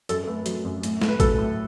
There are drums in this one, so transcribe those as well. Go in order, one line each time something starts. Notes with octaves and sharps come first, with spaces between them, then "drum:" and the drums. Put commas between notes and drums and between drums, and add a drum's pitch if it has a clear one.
F#2 A4, drum: hi-hat
A4
A3 B4
F#3, drum: hi-hat
F#2
A2, drum: hi-hat
A3, drum: snare
B4
F#3 A4, drum: kick A1, hi-hat
A2